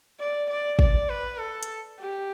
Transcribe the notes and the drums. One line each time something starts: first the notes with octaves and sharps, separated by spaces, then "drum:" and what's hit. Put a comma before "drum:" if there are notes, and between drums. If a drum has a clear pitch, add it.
D5
D5
D5, drum: kick
B4
A4
drum: hi-hat
G4